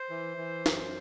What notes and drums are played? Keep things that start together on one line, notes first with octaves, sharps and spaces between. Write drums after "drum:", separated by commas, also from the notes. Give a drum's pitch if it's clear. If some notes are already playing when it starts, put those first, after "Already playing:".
Already playing: C5
E3
E3
F#2, drum: snare